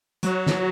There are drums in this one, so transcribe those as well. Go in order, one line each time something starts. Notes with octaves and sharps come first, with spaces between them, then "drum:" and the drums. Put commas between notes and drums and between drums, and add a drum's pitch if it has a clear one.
F#3, drum: hi-hat
drum: snare